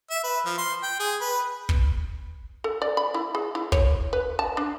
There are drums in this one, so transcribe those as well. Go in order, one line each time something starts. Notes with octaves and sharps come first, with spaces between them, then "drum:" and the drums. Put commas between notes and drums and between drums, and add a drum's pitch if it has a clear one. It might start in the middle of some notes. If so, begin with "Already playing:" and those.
E5
B4
F3
C6
G5
G#4
B4
drum: kick
A4
D5
B5
E4
G#4
E4
C#5, drum: kick
B4
A5
D4